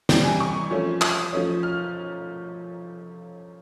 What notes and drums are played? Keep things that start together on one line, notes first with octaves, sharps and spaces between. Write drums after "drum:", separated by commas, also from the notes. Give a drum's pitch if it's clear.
C3 E3 G3 G5, drum: snare
G#5
C#6
F3 A3 C#4
D#6, drum: clap
F3 A3 C#4
F6